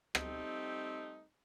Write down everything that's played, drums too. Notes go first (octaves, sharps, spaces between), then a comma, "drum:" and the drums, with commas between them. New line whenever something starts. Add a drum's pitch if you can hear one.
G3 A3 C4 D#4, drum: rim click